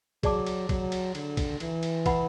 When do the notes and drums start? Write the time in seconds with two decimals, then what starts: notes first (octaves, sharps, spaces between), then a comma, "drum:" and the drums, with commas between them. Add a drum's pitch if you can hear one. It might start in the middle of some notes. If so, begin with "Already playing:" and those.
0.23 F#3 G#4 D5 A5 D6, drum: kick, cymbal
0.47 drum: cymbal
0.69 F#3, drum: kick, cymbal
0.92 drum: cymbal
1.15 D3, drum: cymbal
1.37 drum: kick, cymbal
1.60 E3, drum: cymbal
1.83 drum: cymbal
2.06 E4 B4 F#5 B5, drum: kick, cymbal